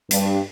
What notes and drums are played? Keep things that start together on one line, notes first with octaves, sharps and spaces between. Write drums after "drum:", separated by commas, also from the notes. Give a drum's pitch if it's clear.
G2, drum: hi-hat